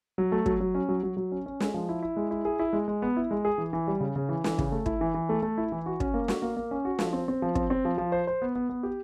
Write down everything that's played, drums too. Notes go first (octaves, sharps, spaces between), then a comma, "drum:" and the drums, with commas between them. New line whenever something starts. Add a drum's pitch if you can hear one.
F#3
A3
F#3, drum: kick
F#3
C#4
F#3
F#3
F#3
C#4
C#4
G#3, drum: snare
F3
E4
E4
G#3
E4
G#4
E4
G#3
G#3
B3
E4
G#3
G#4
E3
E3
G3
C#3
C#3
E3
E3, drum: snare
C#3, drum: kick
A3
E4, drum: kick
E3
E3
A3
A3
E4
E3
F#4
C#4, drum: kick
A#3
F#4, drum: snare
A#3
A#3
C#4
F#4
F3, drum: snare
C4
C4
F3
C4, drum: kick
C4
F3
F3
C5
C5
B3
B3
B3
G4